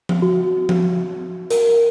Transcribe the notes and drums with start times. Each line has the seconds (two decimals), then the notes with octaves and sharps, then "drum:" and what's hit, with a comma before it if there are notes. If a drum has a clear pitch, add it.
0.09 drum: tom F3
0.22 F#4
0.69 drum: tom F3
1.50 A#4, drum: hi-hat